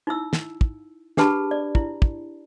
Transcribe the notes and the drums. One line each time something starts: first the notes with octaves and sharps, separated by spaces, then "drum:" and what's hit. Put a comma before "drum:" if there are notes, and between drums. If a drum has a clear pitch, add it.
D#4 E4 E6
drum: snare
drum: kick
D4 G4 G#4 B4 A5 B5, drum: snare
D5
E4, drum: kick
drum: kick